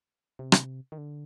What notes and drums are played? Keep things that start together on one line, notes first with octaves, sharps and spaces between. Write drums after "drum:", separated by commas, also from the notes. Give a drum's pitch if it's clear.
C3
drum: rim click
D#3
D3